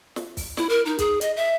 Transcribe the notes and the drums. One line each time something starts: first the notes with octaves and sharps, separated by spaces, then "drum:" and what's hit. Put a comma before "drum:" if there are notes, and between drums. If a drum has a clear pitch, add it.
drum: snare
drum: kick, open hi-hat
E4, drum: snare
A#4
D#4
G#4, drum: kick, hi-hat
D#5, drum: hi-hat
E5